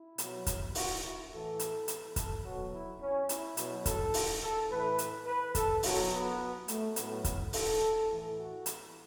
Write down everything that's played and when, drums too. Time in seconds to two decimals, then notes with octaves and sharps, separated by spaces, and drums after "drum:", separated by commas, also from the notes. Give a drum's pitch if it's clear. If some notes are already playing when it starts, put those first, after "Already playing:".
Already playing: E4
0.18 B2 F#3, drum: hi-hat
0.46 drum: kick, hi-hat
0.75 F#4, drum: open hi-hat
1.03 E4
1.31 A2 E3 A4
1.59 drum: hi-hat
1.88 drum: hi-hat
2.16 A4, drum: kick, hi-hat
2.44 B2 F#3 F#4
2.72 E4
3.01 C#4
3.29 E4, drum: hi-hat
3.57 B2 F#3, drum: hi-hat
3.86 A4, drum: kick, hi-hat
4.14 drum: open hi-hat
4.42 A4
4.70 A2 E3 B4
4.98 drum: hi-hat
5.26 B4
5.55 A4, drum: kick, hi-hat
5.83 B2 F#3 F#4, drum: open hi-hat
6.12 B3
6.68 A3, drum: hi-hat
6.96 A2 F#3 B3, drum: hi-hat
7.24 drum: kick, hi-hat
7.53 A4, drum: open hi-hat
8.09 A2 E3
8.37 F#4
8.66 drum: hi-hat